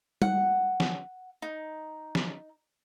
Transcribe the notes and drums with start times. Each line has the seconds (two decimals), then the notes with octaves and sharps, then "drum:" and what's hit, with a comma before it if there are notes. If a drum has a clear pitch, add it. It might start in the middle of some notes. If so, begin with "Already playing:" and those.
0.22 F#5, drum: tom G3
0.80 drum: snare
1.42 D#4
2.15 drum: snare